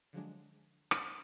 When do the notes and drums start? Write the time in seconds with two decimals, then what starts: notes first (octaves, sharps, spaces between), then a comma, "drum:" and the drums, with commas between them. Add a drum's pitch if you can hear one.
0.13 D3 F3 F#3 G#3 D4
0.91 drum: rim click